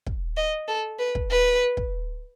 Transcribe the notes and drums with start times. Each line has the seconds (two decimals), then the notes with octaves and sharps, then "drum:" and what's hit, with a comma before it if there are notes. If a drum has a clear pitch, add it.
0.06 drum: kick
0.37 D#5
0.68 A4
0.99 B4
1.15 drum: kick
1.31 B4
1.77 drum: kick